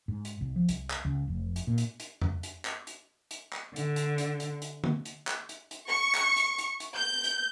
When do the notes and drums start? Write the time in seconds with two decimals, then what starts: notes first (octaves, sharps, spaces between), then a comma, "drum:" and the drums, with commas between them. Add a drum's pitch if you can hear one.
0.08 G#2
0.25 drum: hi-hat
0.41 C2
0.56 F3
0.69 C2, drum: hi-hat
0.90 drum: clap
1.05 C#2
1.28 F1
1.56 drum: hi-hat
1.67 A#2
1.78 drum: hi-hat
2.00 drum: hi-hat
2.22 drum: tom F2
2.43 drum: hi-hat
2.65 drum: clap
2.87 drum: hi-hat
3.31 drum: hi-hat
3.53 drum: clap
3.76 D3, drum: hi-hat
3.96 drum: hi-hat
4.18 drum: hi-hat
4.40 drum: hi-hat
4.62 drum: hi-hat
4.84 drum: tom
5.05 drum: hi-hat
5.27 drum: clap
5.49 drum: hi-hat
5.71 drum: hi-hat
5.88 C#6
6.15 drum: clap
6.37 drum: hi-hat
6.58 drum: hi-hat
6.80 drum: hi-hat
6.98 G6
7.24 drum: hi-hat